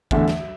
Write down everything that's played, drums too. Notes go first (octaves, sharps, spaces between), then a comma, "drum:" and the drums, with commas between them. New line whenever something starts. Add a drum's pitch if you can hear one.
E2 D3 A3 E5, drum: kick
drum: snare